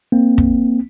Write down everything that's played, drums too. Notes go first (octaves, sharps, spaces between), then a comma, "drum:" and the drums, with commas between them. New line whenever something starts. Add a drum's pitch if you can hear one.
A#3 C4
drum: kick